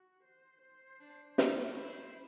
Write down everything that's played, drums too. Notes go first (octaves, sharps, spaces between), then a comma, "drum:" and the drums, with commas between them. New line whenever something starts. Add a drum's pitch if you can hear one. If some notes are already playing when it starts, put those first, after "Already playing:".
Already playing: F#4
C5
C5
D4
E4 C#5, drum: snare
E4 C5